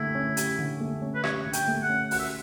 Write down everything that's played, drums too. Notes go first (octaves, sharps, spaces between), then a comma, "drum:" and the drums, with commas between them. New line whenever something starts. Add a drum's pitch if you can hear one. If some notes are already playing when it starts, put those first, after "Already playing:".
Already playing: D3 A3 E4 G4
C#4
G4, drum: hi-hat
D3
A3
C#4
B4
G4 C#5, drum: rim click
D3
G5, drum: hi-hat
A3
F#5
C#4
F#4 F#5, drum: open hi-hat
E5